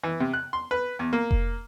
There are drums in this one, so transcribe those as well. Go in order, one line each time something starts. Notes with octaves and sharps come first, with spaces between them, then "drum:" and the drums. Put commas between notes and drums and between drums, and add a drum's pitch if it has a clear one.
E3
C3
F#6
C6
B4
E2
A#3
drum: kick F1